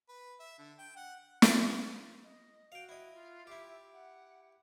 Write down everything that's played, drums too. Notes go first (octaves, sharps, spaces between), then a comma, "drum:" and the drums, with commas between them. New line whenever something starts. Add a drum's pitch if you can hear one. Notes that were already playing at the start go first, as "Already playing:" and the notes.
B4
E5
D3
G5
F#5
drum: snare
D#5
F#4 F5 G5
E4 D#5
F4
E4 G4 E5
F#5